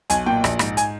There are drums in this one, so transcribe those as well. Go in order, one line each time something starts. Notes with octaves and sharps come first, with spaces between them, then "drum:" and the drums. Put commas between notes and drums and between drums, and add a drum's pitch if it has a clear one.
B1 G#5, drum: hi-hat
A#2 G5
A#1, drum: rim click
G#2, drum: rim click
G#5, drum: hi-hat